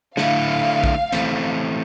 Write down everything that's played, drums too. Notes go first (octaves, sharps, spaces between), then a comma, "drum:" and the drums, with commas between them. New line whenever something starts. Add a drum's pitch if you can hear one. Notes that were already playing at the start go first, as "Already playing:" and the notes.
D3 A3 E4 F5, drum: snare
drum: kick A#1
E3 A3 C4, drum: hi-hat